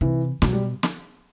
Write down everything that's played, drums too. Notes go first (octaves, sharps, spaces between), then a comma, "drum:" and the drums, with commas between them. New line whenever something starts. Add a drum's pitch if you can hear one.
C3 E3
B2 F#3, drum: snare
G3
drum: snare